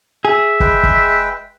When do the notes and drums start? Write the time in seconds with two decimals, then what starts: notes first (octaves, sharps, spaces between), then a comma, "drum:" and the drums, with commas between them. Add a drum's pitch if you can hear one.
0.25 G#4 E5
0.60 G#3 B4 G5, drum: kick
0.83 drum: kick